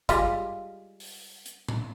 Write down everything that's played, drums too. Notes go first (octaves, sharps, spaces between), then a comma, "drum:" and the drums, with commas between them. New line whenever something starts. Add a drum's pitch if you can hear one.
G3 G#3 F4, drum: kick, hi-hat
drum: open hi-hat
drum: hi-hat
drum: tom A2